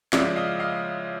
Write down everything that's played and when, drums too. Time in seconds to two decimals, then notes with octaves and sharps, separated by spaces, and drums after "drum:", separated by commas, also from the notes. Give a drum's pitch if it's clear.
0.13 C#3 F3 G#3 D5 E5, drum: snare
0.36 D#5 F5
0.59 D#5 F5